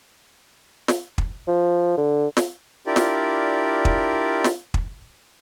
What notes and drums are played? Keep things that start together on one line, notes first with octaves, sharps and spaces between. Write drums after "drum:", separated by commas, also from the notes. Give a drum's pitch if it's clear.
drum: snare
drum: kick
F3
D3
drum: snare
D4 E4 F4 G4 A#4 D5
drum: snare
drum: kick
drum: snare
drum: kick